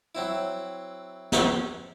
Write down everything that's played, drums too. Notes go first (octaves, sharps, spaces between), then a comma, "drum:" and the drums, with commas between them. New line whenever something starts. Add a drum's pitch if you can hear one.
F#3 C4 E4
drum: snare